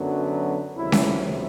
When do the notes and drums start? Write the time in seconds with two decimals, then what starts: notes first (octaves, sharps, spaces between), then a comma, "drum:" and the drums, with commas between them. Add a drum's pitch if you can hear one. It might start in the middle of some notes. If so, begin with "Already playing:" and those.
Already playing: F#2 D3 F#3 B3
0.76 C#2 C3 D#3 F#3 E4
0.92 drum: snare C#4